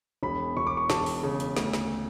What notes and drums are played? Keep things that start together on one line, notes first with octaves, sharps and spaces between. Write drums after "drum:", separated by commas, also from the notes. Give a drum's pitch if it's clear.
E1 B5
E1 C#6
D6
C#6
E1 A5, drum: snare
drum: open hi-hat
C#3
drum: hi-hat
D2, drum: snare
drum: snare